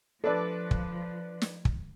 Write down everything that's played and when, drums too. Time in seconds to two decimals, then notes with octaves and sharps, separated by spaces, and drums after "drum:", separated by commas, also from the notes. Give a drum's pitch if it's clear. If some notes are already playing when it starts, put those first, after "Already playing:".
0.24 F3 D4 A4 B4 D5
0.71 drum: kick
1.42 drum: snare
1.65 drum: kick